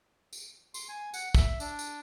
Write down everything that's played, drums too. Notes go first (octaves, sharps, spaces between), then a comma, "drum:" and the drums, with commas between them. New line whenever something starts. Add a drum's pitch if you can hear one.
drum: tambourine
C6, drum: tambourine
G#5
F#5, drum: tambourine
E5, drum: kick, tambourine
D4, drum: tambourine
drum: tambourine